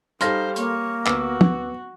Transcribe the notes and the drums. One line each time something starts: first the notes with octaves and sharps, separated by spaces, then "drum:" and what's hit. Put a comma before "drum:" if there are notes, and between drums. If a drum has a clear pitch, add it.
G3 D#4 A4 C5 F5 C6 F6 A#6, drum: hi-hat
A#3 C#5, drum: hi-hat
D2 B3 F#4 D6 E6, drum: clap
drum: tom